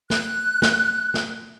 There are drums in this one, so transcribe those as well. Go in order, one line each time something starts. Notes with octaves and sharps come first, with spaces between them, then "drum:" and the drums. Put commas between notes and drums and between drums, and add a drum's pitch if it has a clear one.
F#6, drum: snare
drum: snare
drum: snare